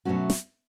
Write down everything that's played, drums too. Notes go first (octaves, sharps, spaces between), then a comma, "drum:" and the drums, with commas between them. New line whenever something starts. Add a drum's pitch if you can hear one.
B2 F#3 A3 C#4 F#4
drum: snare